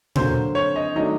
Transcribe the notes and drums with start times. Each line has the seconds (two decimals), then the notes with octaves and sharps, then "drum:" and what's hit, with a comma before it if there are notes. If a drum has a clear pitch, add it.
0.16 D3 F#3 A#3 C5, drum: tom A#2
0.55 C#5
0.76 D#5
0.96 D#3 F#3 A3 D4 D#5